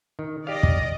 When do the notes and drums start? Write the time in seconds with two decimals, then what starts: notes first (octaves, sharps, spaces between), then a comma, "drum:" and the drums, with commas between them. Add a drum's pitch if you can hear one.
0.19 D#3
0.47 G4 D5 D#5 F5
0.63 drum: kick